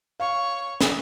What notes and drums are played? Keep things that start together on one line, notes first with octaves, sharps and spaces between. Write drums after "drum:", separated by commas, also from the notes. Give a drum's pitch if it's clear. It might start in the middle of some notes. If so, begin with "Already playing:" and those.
C#5 F5 C#6
drum: snare